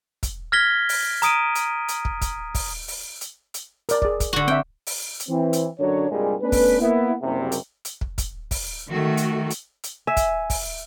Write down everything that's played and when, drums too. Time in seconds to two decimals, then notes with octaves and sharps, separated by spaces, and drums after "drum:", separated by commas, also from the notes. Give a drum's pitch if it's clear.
0.23 drum: kick, hi-hat
0.52 F6 G#6 A#6 B6 G7
0.89 drum: open hi-hat
1.22 A#5 D#6 D7 D#7, drum: hi-hat
1.55 drum: hi-hat
1.88 drum: hi-hat
2.05 drum: kick
2.21 drum: kick, hi-hat
2.55 drum: kick, open hi-hat
2.88 drum: open hi-hat
3.21 drum: hi-hat
3.54 drum: hi-hat
3.89 A#4 D5, drum: hi-hat
4.02 G#4 D5, drum: kick
4.20 drum: kick, hi-hat
4.33 D3 F#4
4.48 C4 E5 G5
4.87 drum: open hi-hat
5.20 drum: hi-hat
5.29 E3 C4
5.53 drum: hi-hat
5.79 F#2 D3 F#3 D4 C#5
6.11 C2 G2 A#2 G3 G#3
6.41 A3 B3 C#4 D4 B4
6.52 drum: kick, open hi-hat
6.80 A#3 B3 E4
7.22 F#1 C2 F#2 C3
7.52 drum: hi-hat
7.85 drum: hi-hat
8.01 drum: kick
8.18 drum: kick, hi-hat
8.51 drum: kick, open hi-hat
8.89 D#3 A3 F#4
9.17 drum: hi-hat
9.50 drum: hi-hat
9.83 drum: hi-hat
10.07 E5 G#5
10.17 drum: kick, hi-hat
10.50 drum: kick, open hi-hat